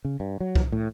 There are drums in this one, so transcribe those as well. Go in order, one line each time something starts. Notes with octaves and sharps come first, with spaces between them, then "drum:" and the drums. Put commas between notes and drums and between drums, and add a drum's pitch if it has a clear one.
C#3
G2
F#3
drum: kick C2
A2